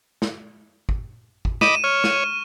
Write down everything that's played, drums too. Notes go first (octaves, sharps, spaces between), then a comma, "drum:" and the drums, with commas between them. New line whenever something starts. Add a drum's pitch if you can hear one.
drum: snare
drum: kick
drum: kick
D#5 B5 D6 D#7 E7, drum: snare
C#5 F6
C#6, drum: snare